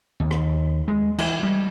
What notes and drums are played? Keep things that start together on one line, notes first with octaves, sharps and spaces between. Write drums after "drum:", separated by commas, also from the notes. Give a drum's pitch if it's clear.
D#2
drum: rim click
G#3
E3, drum: cymbal
G3